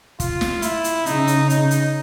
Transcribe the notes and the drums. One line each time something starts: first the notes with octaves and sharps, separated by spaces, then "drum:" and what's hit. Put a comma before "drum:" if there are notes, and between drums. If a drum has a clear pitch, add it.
F4, drum: kick, hi-hat
drum: snare
E4, drum: hi-hat
drum: hi-hat
C#3 D#4, drum: hi-hat
drum: hi-hat
D#4, drum: hi-hat
drum: hi-hat